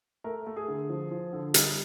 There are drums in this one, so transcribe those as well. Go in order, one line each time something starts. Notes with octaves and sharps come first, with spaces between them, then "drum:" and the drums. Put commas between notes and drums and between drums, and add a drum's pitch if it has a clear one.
A3 A#4
A3
G#4
D3
F3
F3
D3
G3 D#4, drum: hi-hat